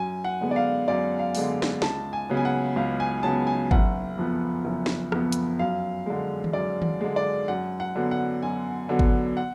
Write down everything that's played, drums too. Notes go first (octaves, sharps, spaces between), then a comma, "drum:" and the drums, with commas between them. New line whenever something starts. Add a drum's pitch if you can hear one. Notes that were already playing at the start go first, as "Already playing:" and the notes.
Already playing: F#2 G#5
F#5
D3 G#3 B3
D5
F5
F#2 D5
F5
D3 G#3 B3, drum: open hi-hat
drum: snare
C#2 A5, drum: snare
G#5
C#3 F#3 B3
G#5
F#5
C#2 F5
G#5
C#3 F#3 B3 A5
G#5
F#1 F#5, drum: kick G#1
F2 F3 B3
F#1
drum: snare
F2 F3 B3, drum: rim click
drum: hi-hat
F#2 F5
D3 G#3
drum: tom D#3
F#2 D5
drum: tom D#3
D3 G#3
D5
F#2 F#5
F#5
D3 F#3 B3
F#5
F#2 G#5
D3 F#3 B3
drum: kick G#1
F#5